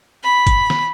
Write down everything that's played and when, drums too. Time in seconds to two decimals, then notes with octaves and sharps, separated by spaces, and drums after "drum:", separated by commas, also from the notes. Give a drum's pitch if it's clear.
0.23 B5
0.47 drum: kick, hi-hat
0.70 drum: snare